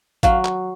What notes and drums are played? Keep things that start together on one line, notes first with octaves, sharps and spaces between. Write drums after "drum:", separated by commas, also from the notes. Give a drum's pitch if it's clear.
F#3 F5, drum: kick G#1, hi-hat
drum: clap